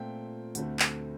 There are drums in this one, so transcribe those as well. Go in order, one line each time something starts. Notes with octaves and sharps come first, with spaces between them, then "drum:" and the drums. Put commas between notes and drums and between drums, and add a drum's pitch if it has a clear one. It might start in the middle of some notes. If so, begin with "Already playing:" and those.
Already playing: A#2 A3 C4 G5
D2 D3 A3 C4, drum: hi-hat
drum: clap